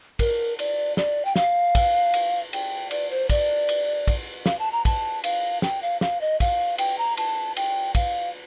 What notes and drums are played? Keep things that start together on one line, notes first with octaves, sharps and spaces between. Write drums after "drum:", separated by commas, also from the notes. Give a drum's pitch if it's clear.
A#4, drum: kick, cymbal
D5, drum: cymbal
D5, drum: snare
G5
F5, drum: snare
drum: kick, cymbal
drum: cymbal
G5, drum: cymbal
D5, drum: cymbal
C5
D5, drum: kick, cymbal
drum: cymbal
drum: kick, cymbal
F5, drum: snare
A5
A#5
A5, drum: kick, cymbal
F5, drum: cymbal
G5, drum: snare
F5
F5, drum: snare
D#5
F5, drum: kick, cymbal
G5, drum: cymbal
A#5
A5, drum: cymbal
G5, drum: cymbal
F5, drum: kick, cymbal